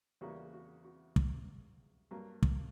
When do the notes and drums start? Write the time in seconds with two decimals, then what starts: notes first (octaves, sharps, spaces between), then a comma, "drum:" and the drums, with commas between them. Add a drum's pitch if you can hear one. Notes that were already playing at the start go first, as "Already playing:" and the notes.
0.21 E2 C#3 G3 A#3 F#4
0.53 F#4
0.85 F#4
1.16 drum: kick
2.11 G2 F#3 A#3
2.43 drum: kick